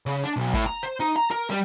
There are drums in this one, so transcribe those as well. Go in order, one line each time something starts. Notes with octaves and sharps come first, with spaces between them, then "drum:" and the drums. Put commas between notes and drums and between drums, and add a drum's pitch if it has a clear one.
C#3
D4
B1
A2, drum: kick
A#5
C5
D#4
A#5
A#4
G3